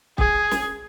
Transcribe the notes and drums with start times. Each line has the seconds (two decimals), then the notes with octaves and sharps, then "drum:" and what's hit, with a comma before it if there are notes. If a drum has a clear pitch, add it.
0.18 G#4, drum: kick
0.51 drum: snare